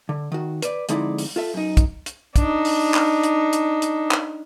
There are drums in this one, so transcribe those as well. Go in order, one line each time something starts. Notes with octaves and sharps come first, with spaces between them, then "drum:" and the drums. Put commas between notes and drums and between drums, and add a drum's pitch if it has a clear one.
D3
D#3 F#4
B4 D5, drum: hi-hat
F2 D3 G#3 D#4 E4 D5, drum: hi-hat
drum: open hi-hat
F4 A4 E5
F#2 D#4
drum: kick, hi-hat
drum: hi-hat
D4 D#4, drum: kick, hi-hat
drum: open hi-hat
drum: clap
drum: hi-hat
drum: hi-hat
drum: hi-hat
drum: clap